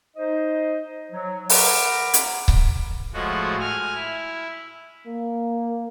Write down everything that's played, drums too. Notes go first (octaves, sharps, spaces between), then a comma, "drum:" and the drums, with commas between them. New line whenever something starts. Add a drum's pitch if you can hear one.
D#4 C5 D#5
F#3
A#4 F#5 A#5 B5 D6, drum: open hi-hat
drum: hi-hat
drum: kick C#1
A2 F3 G#3 F#4
G#5 F6
E4
A#3